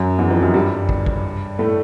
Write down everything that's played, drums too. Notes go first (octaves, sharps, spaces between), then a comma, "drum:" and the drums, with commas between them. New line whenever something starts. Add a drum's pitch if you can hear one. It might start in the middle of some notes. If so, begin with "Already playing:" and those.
Already playing: F#2 F#3
E2 E3
F2 F3
F#2 F#3
G2 G3
drum: kick
drum: kick
A2 A3